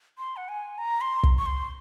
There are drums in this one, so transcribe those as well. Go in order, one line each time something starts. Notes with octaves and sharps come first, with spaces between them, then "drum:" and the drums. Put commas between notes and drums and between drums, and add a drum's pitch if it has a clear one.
C6
F#5
G#5
A#5
C6
drum: kick
C#6
C6